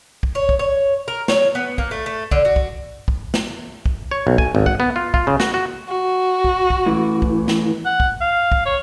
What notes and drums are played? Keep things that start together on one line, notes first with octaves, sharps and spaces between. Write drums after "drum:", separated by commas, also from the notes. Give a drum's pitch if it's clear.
drum: kick
C#5
drum: kick
C#5
A#4
C#5, drum: snare
B3
A#3, drum: kick
A3
A3
D3, drum: kick
F#4
drum: kick
drum: kick
drum: snare
drum: kick
C#5
B1
G#5, drum: kick
G#1
F#5, drum: kick
B3
F4
F4, drum: kick
C#3
F#4, drum: snare
F#4
F#4
drum: kick
drum: kick
A2 E3
drum: kick
drum: snare
F#5
drum: kick
F5
drum: kick
C#5